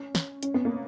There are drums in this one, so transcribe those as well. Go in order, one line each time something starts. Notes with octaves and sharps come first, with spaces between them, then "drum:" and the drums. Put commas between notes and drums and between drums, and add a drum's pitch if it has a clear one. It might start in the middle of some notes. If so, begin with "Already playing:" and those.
Already playing: C#4
drum: snare
C#4, drum: hi-hat
B3
A#3